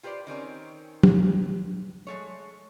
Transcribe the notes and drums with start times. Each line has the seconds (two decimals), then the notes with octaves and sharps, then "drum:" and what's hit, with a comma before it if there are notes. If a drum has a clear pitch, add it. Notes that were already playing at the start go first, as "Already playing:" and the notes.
0.03 F4 G4 B4 C5 D5
0.27 D#3 C4 C#4 A#4
1.03 drum: tom
2.07 G#3 A3 C#5